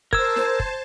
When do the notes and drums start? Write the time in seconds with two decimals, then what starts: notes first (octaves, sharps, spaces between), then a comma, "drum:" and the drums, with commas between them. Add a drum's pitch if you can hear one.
0.13 A#4 C5 A5 E6 G#6, drum: kick
0.36 drum: snare
0.60 drum: kick